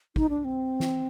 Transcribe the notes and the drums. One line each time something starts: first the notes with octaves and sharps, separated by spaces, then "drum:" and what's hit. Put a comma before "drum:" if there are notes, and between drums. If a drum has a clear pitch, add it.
D#4, drum: kick
D4
C4
drum: snare